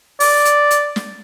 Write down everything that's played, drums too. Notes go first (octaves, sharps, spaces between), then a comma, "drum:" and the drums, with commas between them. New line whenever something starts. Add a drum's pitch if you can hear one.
D5, drum: open hi-hat
drum: hi-hat
drum: hi-hat
drum: snare